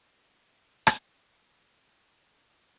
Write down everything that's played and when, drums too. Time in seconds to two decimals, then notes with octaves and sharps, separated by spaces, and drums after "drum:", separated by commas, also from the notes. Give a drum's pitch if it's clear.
0.04 E4 C6
0.87 drum: rim click